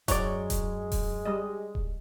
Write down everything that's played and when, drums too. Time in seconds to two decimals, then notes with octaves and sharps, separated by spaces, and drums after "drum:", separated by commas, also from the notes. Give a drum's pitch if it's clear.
0.08 F#2 F#3 G#3 C#5 D5, drum: kick D#1, hi-hat
0.50 drum: kick D#1, hi-hat
0.92 drum: kick D#1, open hi-hat
1.25 G3 D#5
1.75 drum: kick D#1